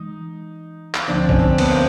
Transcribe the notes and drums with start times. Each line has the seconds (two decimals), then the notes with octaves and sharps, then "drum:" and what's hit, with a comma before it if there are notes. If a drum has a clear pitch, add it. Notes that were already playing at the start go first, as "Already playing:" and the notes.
Already playing: E3 G#3 D#4
0.94 drum: clap
1.08 D2 D3 F3 C4 D4
1.29 C#4, drum: kick
1.39 C4 D4
1.58 B3, drum: cymbal
1.70 A#3 C4